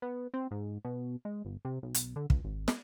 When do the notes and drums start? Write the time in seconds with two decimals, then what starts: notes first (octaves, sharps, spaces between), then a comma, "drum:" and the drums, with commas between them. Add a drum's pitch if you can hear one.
0.02 B3
0.34 C4
0.51 G#2
0.85 B2
1.25 G#3
1.45 G1
1.65 C3
1.83 B1
1.94 drum: hi-hat
2.16 D3
2.30 C#2, drum: kick
2.45 G#1
2.68 drum: snare